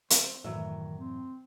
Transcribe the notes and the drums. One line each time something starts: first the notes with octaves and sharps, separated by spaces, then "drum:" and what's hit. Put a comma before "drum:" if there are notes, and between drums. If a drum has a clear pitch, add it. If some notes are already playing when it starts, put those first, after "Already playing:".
C4 C5, drum: hi-hat
C2 F#2 A2 D#3 E3 F#3 E5
C4